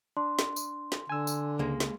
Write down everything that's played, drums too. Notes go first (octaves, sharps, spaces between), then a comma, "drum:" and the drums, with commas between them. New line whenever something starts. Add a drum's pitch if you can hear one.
D4 C6
drum: snare
drum: tambourine
drum: snare
D3 G#5 E6
drum: tambourine
C#2 G#3 A#3
drum: snare